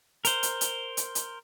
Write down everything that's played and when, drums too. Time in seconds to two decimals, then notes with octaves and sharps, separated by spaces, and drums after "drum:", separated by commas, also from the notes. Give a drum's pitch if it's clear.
0.25 A#4 C5, drum: hi-hat
0.43 drum: hi-hat
0.61 drum: hi-hat
0.97 drum: hi-hat
1.15 drum: hi-hat